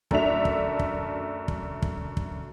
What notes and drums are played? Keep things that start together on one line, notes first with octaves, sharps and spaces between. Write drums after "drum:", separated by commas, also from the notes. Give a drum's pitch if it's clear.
F#2 A3 D4 E5 F7, drum: kick
drum: kick
drum: kick
drum: kick
drum: kick
drum: kick